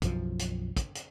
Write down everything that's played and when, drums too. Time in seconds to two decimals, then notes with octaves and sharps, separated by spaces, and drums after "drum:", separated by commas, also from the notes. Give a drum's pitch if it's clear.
0.02 B1 F#2 F3, drum: kick, hi-hat
0.39 drum: hi-hat
0.77 drum: kick, hi-hat
0.95 drum: hi-hat